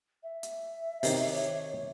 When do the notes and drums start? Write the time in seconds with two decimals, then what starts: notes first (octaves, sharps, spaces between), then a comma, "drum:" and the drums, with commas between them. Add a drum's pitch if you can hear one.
0.23 E5
0.43 drum: hi-hat
1.03 C3 D#3 C#5, drum: open hi-hat